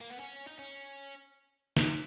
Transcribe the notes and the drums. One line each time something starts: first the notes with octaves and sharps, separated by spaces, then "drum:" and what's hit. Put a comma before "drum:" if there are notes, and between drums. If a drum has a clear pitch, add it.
A#3
B3
C#4
D#4
C#4
drum: snare